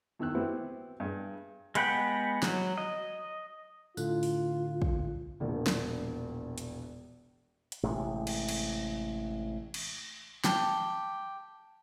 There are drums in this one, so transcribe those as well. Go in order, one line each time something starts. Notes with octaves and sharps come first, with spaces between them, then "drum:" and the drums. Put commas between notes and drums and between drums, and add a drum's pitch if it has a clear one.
E2 D#3 E6 F#6
B3 C4 E4 F#4 G4 B4
G2 G#4
G#3 B3 F#5 G5 B5, drum: hi-hat
F#3, drum: snare
D#5
A2 D3 F4 F#6, drum: tambourine
drum: open hi-hat
drum: kick
E1 A#1
drum: snare
drum: hi-hat
drum: hi-hat
A1 C3 G#3
drum: cymbal
drum: cymbal
drum: cymbal
G4 A5, drum: snare